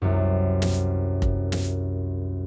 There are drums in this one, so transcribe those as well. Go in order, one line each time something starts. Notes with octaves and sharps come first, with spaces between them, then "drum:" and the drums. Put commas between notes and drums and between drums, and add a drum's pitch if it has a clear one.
C2 F#2
drum: snare
drum: kick F1
drum: snare